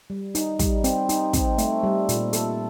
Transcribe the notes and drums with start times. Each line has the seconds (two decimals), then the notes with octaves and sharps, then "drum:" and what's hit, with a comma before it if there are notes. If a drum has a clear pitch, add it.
0.10 G3
0.35 D#4, drum: hi-hat
0.59 G3, drum: kick, hi-hat
0.84 C4, drum: hi-hat
1.09 D#4, drum: hi-hat
1.33 C4, drum: kick, hi-hat
1.58 A3, drum: hi-hat
1.84 G3
2.09 A#2, drum: hi-hat
2.33 A4, drum: hi-hat